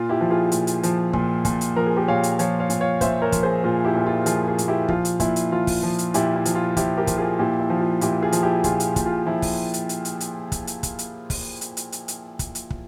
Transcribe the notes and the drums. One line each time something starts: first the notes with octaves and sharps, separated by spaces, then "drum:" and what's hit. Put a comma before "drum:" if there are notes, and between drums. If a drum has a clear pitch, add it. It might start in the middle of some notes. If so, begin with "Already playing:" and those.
Already playing: A#2 F4
E4 G4
F3
F4 G#4
A#2, drum: hi-hat
drum: hi-hat
F3, drum: hi-hat
A#2, drum: kick
A#2, drum: kick, hi-hat
drum: hi-hat
F3 A#4
G#4
G4 A#4
A#2 C#5 F5
drum: hi-hat
F3 C#5 F5, drum: hi-hat
C#5 F5
A#2, drum: hi-hat
C#5 F5
A#2 C5 E5, drum: kick, hi-hat
A#4 C#5
F3, drum: kick, hi-hat
G#4 C5
A#2 F4 G#4
E4 G4
A#2
F4 G#4
F3 F4 G#4, drum: hi-hat
F4 G#4
A#2, drum: hi-hat
E4 G4
F3 F4, drum: kick
drum: hi-hat
A#2 E4, drum: kick, hi-hat
drum: hi-hat
F3 F4
drum: kick, open hi-hat
F3
drum: hi-hat
A#2 E4 G4, drum: hi-hat
E4
F3, drum: hi-hat
F4
F3 E4 G4, drum: kick, hi-hat
G4 A#4
F3, drum: kick, hi-hat
F4 G#4
A#2 E4 G4
E4
F3
F4
A#2 E4 G4, drum: hi-hat
F4 G#4
F3, drum: hi-hat
E4 G4
A#2 F4 G#4, drum: kick, hi-hat
drum: hi-hat
A#2, drum: kick, hi-hat
F4
F3 E4
drum: kick, open hi-hat
drum: hi-hat
drum: hi-hat
drum: hi-hat
drum: hi-hat
drum: kick, hi-hat
drum: hi-hat
drum: kick, hi-hat
drum: hi-hat
drum: kick, open hi-hat
drum: hi-hat
drum: hi-hat
drum: hi-hat
drum: hi-hat
drum: kick, hi-hat
drum: hi-hat
drum: kick